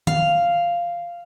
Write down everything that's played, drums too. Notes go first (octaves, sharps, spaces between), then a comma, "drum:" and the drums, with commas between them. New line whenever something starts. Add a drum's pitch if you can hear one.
F5, drum: tom D#3